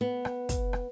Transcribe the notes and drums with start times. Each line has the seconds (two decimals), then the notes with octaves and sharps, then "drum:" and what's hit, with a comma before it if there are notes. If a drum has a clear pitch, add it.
0.01 B3
0.25 drum: rim click
0.49 drum: kick, hi-hat
0.73 drum: rim click